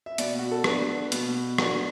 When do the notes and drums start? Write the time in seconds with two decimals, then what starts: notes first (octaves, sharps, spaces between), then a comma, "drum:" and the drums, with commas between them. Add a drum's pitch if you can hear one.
0.06 E5
0.18 B2 D5, drum: hi-hat
0.39 F#4
0.51 A4
0.64 B3 D4 B4, drum: rim click
1.12 B2, drum: hi-hat
1.58 B3 D4 F#4, drum: rim click